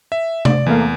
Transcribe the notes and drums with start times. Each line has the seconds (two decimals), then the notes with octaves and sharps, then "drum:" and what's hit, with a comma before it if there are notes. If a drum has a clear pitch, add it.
0.12 E5
0.45 D5, drum: tom C3
0.66 E2 E3 A3 A#3